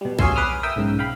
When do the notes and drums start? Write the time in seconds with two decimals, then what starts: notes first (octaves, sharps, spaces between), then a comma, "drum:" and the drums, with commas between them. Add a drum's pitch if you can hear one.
0.01 B2 G3
0.19 G#4 C#5 F5 G#5 C6 E6, drum: kick B1
0.36 B4 D6 D#6 F6
0.63 A#4 E5 G5 D#6 E6
0.76 B1 G#2 C#3
0.99 F5 G5 B5